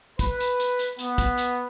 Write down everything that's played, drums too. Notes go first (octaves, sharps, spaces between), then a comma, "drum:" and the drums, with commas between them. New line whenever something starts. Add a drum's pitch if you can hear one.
B4, drum: kick, hi-hat
drum: hi-hat
drum: hi-hat
drum: hi-hat
B3, drum: hi-hat
drum: kick, hi-hat
drum: hi-hat